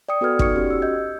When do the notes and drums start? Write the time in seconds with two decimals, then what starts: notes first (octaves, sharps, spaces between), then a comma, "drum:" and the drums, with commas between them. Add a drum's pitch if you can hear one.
0.09 D5 G5 D#6 C#7
0.21 B3 F#4 A4 B4 F6 G#6
0.39 D#4 D5 C#6 G#6 C#7, drum: kick
0.56 C#4 F#4 G4
0.70 E6
0.82 D#5 G6 G#6